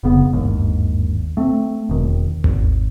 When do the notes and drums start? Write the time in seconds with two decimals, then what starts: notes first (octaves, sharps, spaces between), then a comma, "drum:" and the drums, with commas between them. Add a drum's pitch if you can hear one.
0.03 F1 C#3 B3
0.33 G1 D#2 G#2
1.37 A3 C4
1.89 E1 D#3
2.44 G#1, drum: tom D2